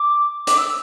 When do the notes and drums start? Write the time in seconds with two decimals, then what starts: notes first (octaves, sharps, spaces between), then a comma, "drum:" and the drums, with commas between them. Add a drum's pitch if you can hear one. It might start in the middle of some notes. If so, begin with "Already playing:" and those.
Already playing: D6
0.47 D6, drum: hi-hat
0.58 E6